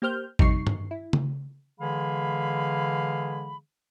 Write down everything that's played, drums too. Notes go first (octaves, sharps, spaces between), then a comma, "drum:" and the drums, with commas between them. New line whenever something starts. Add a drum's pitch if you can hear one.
A#3 G4 C5 F6 G6
F2 C3 G3 D#4 C#6 C7, drum: kick A1
drum: tom G2
E4
drum: tom C#3
D3 E3 G#3 G#4 F5 B5